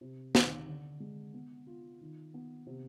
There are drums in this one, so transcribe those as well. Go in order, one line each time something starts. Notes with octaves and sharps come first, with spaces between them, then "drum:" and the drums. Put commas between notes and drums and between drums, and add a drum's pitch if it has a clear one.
C3
D#3, drum: snare
D3
G#3
B3
F4
D#3
B3
C3